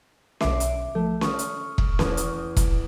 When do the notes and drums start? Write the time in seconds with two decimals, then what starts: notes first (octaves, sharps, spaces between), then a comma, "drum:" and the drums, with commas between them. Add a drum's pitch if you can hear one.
0.41 B1 E5 D6 C7 D7, drum: snare C#4
0.60 drum: hi-hat
0.95 F3 A3 A4
1.21 C#6 D#6 F6, drum: snare C#4
1.39 drum: hi-hat
1.78 drum: kick E1
1.99 E2, drum: snare C#4
2.17 drum: hi-hat
2.57 drum: kick E1, hi-hat